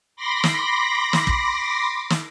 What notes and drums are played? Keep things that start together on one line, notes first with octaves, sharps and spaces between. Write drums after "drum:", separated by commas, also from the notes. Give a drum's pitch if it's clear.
B5 C6 D6 A#6
drum: snare
drum: snare
drum: kick
drum: snare